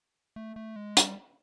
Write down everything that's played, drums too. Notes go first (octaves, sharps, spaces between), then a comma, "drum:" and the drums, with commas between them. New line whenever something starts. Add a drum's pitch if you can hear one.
A3
A3
G#3
G3, drum: hi-hat